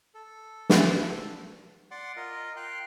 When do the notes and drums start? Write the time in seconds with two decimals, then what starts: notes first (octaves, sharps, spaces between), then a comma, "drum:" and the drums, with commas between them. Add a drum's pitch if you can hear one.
0.14 A4
0.69 drum: snare
1.91 D5 F#5 C6 D6
2.16 F4 A#4 D#5
2.57 F5 G5 C6 F#6